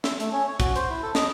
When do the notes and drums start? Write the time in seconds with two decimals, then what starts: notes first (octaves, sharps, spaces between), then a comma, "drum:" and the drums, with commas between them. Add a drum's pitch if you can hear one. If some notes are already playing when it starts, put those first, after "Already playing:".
0.04 E5, drum: snare
0.20 A3, drum: hi-hat
0.33 C#4
0.48 C#5
0.60 F#4, drum: kick, hi-hat
0.76 C5, drum: hi-hat
0.90 E4
1.03 A4
1.15 D#5, drum: snare